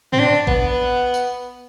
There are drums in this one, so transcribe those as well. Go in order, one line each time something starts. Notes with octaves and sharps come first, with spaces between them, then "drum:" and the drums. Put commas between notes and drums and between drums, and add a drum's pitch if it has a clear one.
C4, drum: tom
D4
B3, drum: kick A1
drum: tambourine